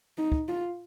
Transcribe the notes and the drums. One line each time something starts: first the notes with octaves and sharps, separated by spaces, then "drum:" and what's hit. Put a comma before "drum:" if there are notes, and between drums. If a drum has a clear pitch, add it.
D#4
drum: kick
F4